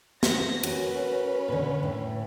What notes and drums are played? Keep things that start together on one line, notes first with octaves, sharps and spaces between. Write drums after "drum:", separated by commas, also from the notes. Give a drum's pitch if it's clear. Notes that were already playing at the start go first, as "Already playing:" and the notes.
A#6, drum: snare
C#4 F#4 A#4 B4, drum: cymbal
A#2 D3
A2